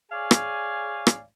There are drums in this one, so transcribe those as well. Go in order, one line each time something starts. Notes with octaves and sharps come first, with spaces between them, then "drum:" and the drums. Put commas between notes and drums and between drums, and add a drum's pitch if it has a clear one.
G#4 C#5 D5 F5 G#5
drum: rim click
drum: rim click